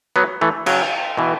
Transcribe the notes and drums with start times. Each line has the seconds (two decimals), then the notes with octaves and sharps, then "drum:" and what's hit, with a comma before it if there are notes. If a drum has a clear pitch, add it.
0.16 F#3 B3
0.41 E3 A3
0.66 C#3 F#3, drum: cymbal
1.17 B2 E3